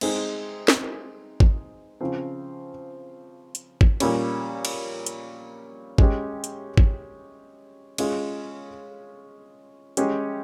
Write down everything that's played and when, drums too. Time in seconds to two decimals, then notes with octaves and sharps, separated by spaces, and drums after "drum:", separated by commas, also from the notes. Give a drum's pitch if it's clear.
0.01 G#3 C4 D#4 G#4, drum: cymbal
0.68 drum: snare
1.40 drum: kick
2.01 C#3 F3 C4
3.55 drum: hi-hat
3.81 drum: kick
4.00 A#2 G3 C#4, drum: cymbal
4.65 drum: cymbal
5.06 drum: hi-hat
5.98 G#3 C#4 G4, drum: kick
6.44 drum: hi-hat
6.77 drum: kick
7.98 G#3 C#4 F4 G#4, drum: cymbal
9.97 G#3 C#4 G4, drum: hi-hat